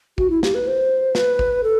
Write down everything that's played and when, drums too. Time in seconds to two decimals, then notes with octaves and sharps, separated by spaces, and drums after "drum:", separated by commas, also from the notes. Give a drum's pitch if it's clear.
0.18 F#4, drum: kick
0.30 E4
0.43 G4, drum: snare
0.55 B4
0.67 C5
1.15 B4, drum: snare
1.39 drum: kick
1.64 A4